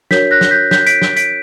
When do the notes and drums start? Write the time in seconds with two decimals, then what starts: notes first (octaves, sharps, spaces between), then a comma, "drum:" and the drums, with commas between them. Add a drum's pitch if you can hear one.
0.11 D4 F#4 A#4 C#5 G6 B6, drum: snare
0.31 F#6 A#6
0.41 drum: snare
0.51 G6 B6
0.71 G6 B6, drum: snare
0.86 B6 D7, drum: hi-hat
1.02 drum: snare
1.16 B6 D7, drum: hi-hat